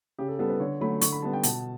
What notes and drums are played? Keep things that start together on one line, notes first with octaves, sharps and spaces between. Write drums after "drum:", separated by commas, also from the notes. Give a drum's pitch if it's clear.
C#3 G4
A4
G3 B3 A4
B4
D3 C#5
F#3 A3 B5
D3 C#6, drum: hi-hat
B5
G3 B3 A5
G5
B2 A5, drum: hi-hat